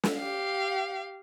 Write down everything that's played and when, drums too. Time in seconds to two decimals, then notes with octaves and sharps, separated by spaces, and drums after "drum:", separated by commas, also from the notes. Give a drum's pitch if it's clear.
0.03 drum: snare
0.17 G4 F5